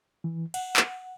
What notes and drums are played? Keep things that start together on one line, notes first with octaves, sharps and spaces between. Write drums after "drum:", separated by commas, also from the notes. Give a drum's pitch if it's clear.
E3
F#5, drum: cymbal
drum: clap